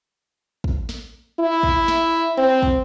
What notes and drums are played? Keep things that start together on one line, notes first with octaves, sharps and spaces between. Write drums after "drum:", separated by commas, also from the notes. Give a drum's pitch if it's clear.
drum: kick
drum: snare
E4
drum: kick
drum: snare
C4
drum: kick